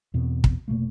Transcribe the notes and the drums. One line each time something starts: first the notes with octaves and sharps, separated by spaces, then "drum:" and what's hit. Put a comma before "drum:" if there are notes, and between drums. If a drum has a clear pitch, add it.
E2 B2 C4
drum: kick
F1 B2 A3 A#3